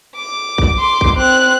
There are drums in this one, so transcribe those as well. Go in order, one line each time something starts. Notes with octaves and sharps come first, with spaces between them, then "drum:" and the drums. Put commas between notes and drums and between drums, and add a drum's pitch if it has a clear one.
D6
drum: kick
C6 D6
drum: kick
C4 F#6